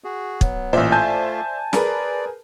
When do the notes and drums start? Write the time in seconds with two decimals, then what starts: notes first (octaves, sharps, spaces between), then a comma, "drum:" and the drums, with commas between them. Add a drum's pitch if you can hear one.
0.04 F#4 G#4
0.41 F#3 B3, drum: kick
0.73 A1 A#2 C5 D5 E5
0.92 A3 F4 G#5 A5 G6
1.73 G#4 A#4 B4 D5, drum: snare